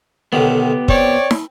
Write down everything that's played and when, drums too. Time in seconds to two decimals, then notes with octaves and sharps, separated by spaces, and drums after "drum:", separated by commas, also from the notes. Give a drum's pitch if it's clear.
0.33 B1 D3 D#3 B3 G4
0.88 C4 C#5 D5, drum: kick
1.31 drum: snare